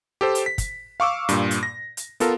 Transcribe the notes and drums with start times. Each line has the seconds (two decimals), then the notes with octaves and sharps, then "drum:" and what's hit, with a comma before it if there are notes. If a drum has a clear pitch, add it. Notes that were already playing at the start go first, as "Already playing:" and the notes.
0.21 G4 A4 C5
0.35 drum: hi-hat
0.46 B6
0.58 drum: kick, hi-hat
1.00 F5 C#6 D6 E6
1.29 G2 A#2, drum: hi-hat
1.51 drum: hi-hat
1.63 A#6
1.97 drum: hi-hat
2.20 B3 F4 A4 A#4, drum: hi-hat